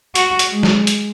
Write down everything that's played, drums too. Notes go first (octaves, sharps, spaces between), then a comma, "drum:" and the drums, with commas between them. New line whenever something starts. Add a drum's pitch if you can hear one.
F#4, drum: hi-hat
drum: hi-hat
G#3
drum: snare
drum: hi-hat